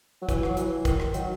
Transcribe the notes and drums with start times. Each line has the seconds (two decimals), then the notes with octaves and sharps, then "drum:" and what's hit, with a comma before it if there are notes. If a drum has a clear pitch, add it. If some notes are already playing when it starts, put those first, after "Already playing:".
0.22 F#3
0.29 E3, drum: kick, hi-hat
0.43 F#3, drum: rim click
0.57 E3, drum: hi-hat
0.85 D#3, drum: kick, hi-hat
1.00 drum: rim click
1.14 F#3, drum: hi-hat